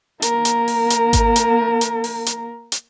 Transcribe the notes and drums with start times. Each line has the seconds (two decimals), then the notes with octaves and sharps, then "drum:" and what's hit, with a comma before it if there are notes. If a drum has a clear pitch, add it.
0.22 A#3 A#4, drum: hi-hat
0.45 drum: hi-hat
0.68 drum: open hi-hat
0.90 drum: hi-hat
1.13 drum: kick G#1, hi-hat
1.36 drum: hi-hat
1.81 drum: hi-hat
2.04 drum: open hi-hat
2.26 drum: hi-hat
2.72 drum: hi-hat